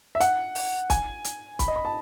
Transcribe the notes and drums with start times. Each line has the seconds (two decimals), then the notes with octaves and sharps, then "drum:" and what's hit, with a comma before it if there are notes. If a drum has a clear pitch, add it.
0.15 E5
0.20 F#5, drum: hi-hat
0.55 drum: open hi-hat
0.90 G#5, drum: kick, hi-hat
1.24 drum: hi-hat
1.59 B5, drum: kick, hi-hat
1.68 D#5
1.76 B5
1.85 A5